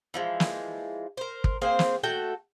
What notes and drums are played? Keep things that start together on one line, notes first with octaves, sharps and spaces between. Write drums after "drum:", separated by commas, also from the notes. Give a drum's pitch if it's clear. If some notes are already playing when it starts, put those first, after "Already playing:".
E3 F3 G#3
drum: snare
A#4 C5
drum: kick
A#3 C4 G#4 C5
drum: snare
A3 F#4 A4 G5